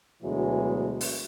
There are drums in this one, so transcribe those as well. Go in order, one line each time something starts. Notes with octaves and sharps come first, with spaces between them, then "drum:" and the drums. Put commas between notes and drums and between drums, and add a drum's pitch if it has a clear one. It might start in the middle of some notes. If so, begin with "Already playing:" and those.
D2 B2 E3 F#3 G#3
drum: open hi-hat